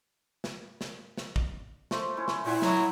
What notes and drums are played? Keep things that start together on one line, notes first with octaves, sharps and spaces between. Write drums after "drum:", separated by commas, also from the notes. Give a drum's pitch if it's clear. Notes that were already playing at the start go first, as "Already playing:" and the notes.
drum: snare
drum: snare
drum: snare
drum: kick
F3 A3 C6, drum: snare
C#4 E4 C#5
drum: snare
A#2 E4 C5 F#5 G#5
F#3 D#5, drum: snare